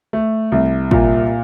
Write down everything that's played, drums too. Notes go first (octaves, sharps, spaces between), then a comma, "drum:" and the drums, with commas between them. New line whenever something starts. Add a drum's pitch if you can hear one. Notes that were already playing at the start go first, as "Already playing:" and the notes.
A3
C2
A#2, drum: kick G#1